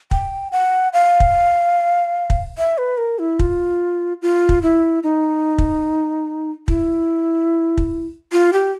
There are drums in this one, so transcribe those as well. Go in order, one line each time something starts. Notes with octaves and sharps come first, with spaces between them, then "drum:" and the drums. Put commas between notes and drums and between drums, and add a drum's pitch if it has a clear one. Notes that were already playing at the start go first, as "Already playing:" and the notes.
G5, drum: kick
F#5
F5
drum: kick
drum: kick
E5
B4
A#4
E4
F4, drum: kick
F4
drum: kick
E4
D#4
drum: kick
E4, drum: kick
drum: kick
F4
G4